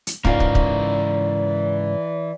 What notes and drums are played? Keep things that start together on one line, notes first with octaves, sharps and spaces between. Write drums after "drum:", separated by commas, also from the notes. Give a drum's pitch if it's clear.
drum: hi-hat
G#2 C#3 E3 F4 A#4 D5, drum: kick
drum: kick
drum: kick